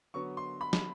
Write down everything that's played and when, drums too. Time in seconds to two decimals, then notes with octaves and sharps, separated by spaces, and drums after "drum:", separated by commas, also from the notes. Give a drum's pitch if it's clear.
0.14 D3 F#3 B3 C#6
0.37 C6
0.61 B5
0.73 drum: snare